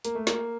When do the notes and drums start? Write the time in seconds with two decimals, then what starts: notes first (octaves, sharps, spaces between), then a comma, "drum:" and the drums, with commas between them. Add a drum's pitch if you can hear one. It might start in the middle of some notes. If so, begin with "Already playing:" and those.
0.05 A#3, drum: hi-hat
0.15 A3
0.27 A#3, drum: snare